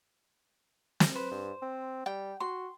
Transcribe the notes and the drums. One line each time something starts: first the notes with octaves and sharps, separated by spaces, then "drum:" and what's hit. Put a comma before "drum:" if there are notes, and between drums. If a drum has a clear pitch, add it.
drum: snare
B4 C5
G2
C4
G3 G5
F#4 C6